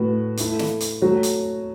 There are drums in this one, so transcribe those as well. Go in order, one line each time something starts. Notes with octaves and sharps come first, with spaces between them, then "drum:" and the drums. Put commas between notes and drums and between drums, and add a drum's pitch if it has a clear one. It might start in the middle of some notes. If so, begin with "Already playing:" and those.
Already playing: A2 A3 F#4 B4
A3 E4 A4, drum: hi-hat
drum: snare
drum: hi-hat
F#3 A3 F#4
drum: hi-hat